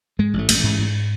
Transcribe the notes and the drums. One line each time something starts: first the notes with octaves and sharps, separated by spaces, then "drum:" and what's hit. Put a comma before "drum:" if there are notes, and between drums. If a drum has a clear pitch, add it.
G#2 G#3
A1 A3
A1, drum: cymbal
G#2 A3
G#2